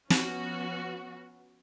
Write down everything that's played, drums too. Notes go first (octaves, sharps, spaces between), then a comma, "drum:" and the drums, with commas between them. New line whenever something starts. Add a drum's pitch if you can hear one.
F3 B3 C#4 F#4 C#6, drum: snare